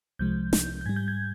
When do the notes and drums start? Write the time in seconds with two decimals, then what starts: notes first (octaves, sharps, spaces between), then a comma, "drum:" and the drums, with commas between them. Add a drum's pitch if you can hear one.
0.19 C2 C3 F3 G#3 G6
0.53 G6, drum: snare
0.81 G6
0.86 G#2 G3 G#6
0.96 G6
1.08 G#6